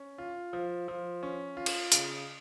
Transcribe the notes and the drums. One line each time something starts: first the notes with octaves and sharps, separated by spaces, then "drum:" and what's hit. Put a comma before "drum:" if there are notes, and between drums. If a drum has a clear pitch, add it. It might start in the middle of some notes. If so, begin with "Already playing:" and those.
Already playing: C#4
F4
F3
F3
C#4
F4
drum: cymbal
C#3, drum: hi-hat